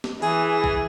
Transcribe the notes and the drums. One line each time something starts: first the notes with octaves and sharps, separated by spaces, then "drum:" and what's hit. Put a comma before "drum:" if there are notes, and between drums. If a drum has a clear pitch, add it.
drum: snare
E3 G#4, drum: open hi-hat
drum: kick